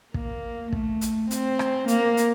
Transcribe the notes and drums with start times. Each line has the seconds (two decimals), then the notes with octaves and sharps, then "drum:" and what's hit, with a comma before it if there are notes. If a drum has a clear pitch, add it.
0.14 A#3, drum: kick
0.72 A3, drum: kick
1.01 drum: hi-hat
1.31 C4, drum: hi-hat
1.59 drum: rim click
1.88 A#3, drum: hi-hat
2.17 drum: hi-hat